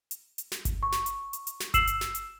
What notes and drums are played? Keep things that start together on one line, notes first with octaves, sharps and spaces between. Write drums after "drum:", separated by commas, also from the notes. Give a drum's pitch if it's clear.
drum: hi-hat
drum: hi-hat
drum: snare
drum: kick G1, hi-hat
C#6
drum: snare
drum: hi-hat
drum: hi-hat
drum: hi-hat
drum: snare
E6 C7 E7 F#7, drum: kick G1, hi-hat
drum: hi-hat
drum: snare
drum: hi-hat